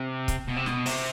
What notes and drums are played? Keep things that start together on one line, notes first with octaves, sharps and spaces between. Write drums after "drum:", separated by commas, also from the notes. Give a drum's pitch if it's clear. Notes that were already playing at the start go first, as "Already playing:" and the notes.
Already playing: C3
drum: kick, hi-hat
B2
C3
B2, drum: snare
C3, drum: open hi-hat